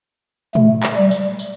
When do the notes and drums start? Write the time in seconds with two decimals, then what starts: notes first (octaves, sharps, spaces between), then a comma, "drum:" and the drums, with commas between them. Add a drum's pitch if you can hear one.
0.55 A3, drum: tom
0.83 drum: clap
0.97 G3
1.11 drum: tambourine
1.39 drum: tambourine